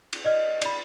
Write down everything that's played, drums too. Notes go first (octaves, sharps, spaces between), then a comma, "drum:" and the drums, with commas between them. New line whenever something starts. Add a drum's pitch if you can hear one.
drum: cymbal
D5 D#5 F6
D5 B5, drum: cymbal